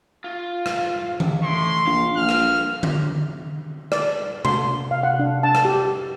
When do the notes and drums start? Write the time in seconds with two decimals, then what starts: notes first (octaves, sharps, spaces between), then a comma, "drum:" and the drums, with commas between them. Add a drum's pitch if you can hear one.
0.24 F4
0.66 drum: rim click
1.20 drum: tom E3
1.43 A2 C6
1.87 A#1 F5
2.17 A#1 F6
2.29 drum: rim click
2.83 drum: tom D3
3.92 D5, drum: rim click
4.45 C6, drum: tom C3
4.91 F5
5.03 F#5
5.19 D4
5.43 A5
5.55 drum: rim click
5.65 G4